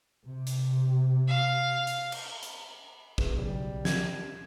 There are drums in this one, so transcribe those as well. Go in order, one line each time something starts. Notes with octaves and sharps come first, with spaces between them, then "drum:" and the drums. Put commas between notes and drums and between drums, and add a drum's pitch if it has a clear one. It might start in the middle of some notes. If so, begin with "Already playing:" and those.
C3
drum: hi-hat
F5
drum: hi-hat
drum: cymbal
drum: hi-hat
E2, drum: kick
B1 C#3 G3
G#6, drum: snare